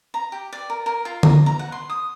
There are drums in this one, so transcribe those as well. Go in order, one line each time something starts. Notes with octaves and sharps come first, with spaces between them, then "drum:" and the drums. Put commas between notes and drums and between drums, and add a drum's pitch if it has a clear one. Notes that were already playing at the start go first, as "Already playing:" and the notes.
A#5
G4
D5
A#4
A#4
F4
A#5, drum: tom D3
A#5
F#5
C6
D#6